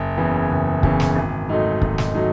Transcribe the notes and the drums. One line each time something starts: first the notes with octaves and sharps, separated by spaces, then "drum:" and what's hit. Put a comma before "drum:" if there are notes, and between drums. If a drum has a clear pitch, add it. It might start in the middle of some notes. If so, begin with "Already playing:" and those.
Already playing: F#1
E2 C#3 E3
F#1
E2 C#3 E3, drum: kick
drum: snare
G#1
G#2 F#3 A3 D#4
G#1, drum: kick
drum: snare
F#3 A3 D#4